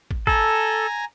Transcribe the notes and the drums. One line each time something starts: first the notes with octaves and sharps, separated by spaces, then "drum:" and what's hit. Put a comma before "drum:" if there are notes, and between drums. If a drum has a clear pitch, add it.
drum: kick
A4 G#5 A#5, drum: kick